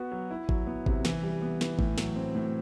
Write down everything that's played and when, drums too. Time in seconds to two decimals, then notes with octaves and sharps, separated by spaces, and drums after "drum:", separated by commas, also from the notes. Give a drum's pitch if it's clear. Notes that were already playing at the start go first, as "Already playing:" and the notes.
Already playing: B3 F#4 B4
0.12 F#3
0.31 E4
0.49 F#3, drum: kick G#1
0.67 B3
0.86 C3, drum: kick G#1
1.05 E3, drum: snare
1.23 G3
1.42 B3
1.61 E3, drum: snare
1.79 A2, drum: kick G#1
1.98 F#3, drum: snare
2.16 C4
2.35 A2